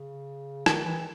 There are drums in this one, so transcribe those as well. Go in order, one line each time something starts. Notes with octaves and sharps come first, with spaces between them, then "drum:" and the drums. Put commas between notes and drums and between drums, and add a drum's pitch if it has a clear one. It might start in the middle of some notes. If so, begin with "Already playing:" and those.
Already playing: C#3
D#3, drum: rim click
E3